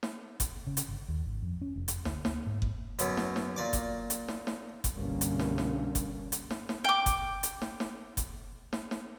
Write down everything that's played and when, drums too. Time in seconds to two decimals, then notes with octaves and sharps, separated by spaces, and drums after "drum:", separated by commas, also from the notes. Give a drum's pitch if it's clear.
0.03 drum: snare
0.40 drum: kick F#1, hi-hat
0.67 C#3
0.77 drum: hi-hat
0.88 G1
1.08 D#2
1.25 G#1
1.43 F2
1.61 C#4
1.76 F1
1.88 drum: hi-hat
2.05 D2, drum: snare
2.25 A#3, drum: snare
2.47 G#2
2.62 drum: kick F#1
2.99 F#2 B2 F#3, drum: hi-hat
3.17 drum: snare
3.36 drum: snare
3.56 A#2 D5 D6
3.73 drum: kick F#1, hi-hat
4.10 drum: hi-hat
4.28 drum: snare
4.47 drum: snare
4.84 drum: kick F#1, hi-hat
4.94 C2 G2 B2 D3 A#3 C#4
5.21 drum: hi-hat
5.39 drum: snare
5.58 drum: snare
5.95 drum: kick F#1, hi-hat
6.32 drum: hi-hat
6.50 drum: snare
6.69 drum: snare
6.84 G5 D6
7.06 drum: kick F#1, hi-hat
7.43 drum: hi-hat
7.62 drum: snare
7.80 drum: snare
8.17 drum: kick F#1, hi-hat
8.73 drum: snare
8.91 drum: snare